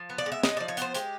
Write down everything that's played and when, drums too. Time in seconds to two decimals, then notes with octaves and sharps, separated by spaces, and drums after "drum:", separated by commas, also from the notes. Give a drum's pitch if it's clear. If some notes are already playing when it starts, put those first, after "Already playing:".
Already playing: F3
0.10 B3
0.18 D5
0.26 G#3
0.32 E5
0.43 D#4 D#5, drum: snare
0.57 F3 D5
0.68 C#5
0.77 B3 C5, drum: hi-hat
0.94 G#3 G4, drum: hi-hat